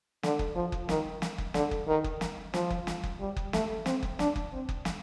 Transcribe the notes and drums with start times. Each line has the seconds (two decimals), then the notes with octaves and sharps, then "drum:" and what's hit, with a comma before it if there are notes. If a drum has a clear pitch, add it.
0.23 D3, drum: snare
0.39 drum: kick F#1
0.55 F3
0.72 drum: kick F#1
0.89 D#3, drum: snare
1.22 drum: snare
1.38 drum: kick F#1
1.54 D3, drum: snare
1.71 drum: kick F#1
1.87 D#3
2.04 drum: kick F#1
2.21 drum: snare
2.54 F3, drum: snare
2.70 drum: kick F#1
2.87 drum: snare
3.03 drum: kick F#1
3.20 G3
3.36 drum: kick F#1
3.53 A3, drum: snare
3.86 C4, drum: snare
4.03 drum: kick F#1
4.19 D4, drum: snare
4.36 drum: kick F#1
4.53 C4
4.69 drum: kick F#1
4.85 drum: snare